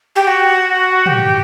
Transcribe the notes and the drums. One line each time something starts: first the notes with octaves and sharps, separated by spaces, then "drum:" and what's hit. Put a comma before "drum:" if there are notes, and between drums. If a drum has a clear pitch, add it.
G4
F#4
G4, drum: tom